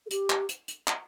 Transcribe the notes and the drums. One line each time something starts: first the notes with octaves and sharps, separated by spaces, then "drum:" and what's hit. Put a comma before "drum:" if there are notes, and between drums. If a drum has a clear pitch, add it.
A4
G4, drum: hi-hat
drum: clap
drum: hi-hat
drum: hi-hat
drum: clap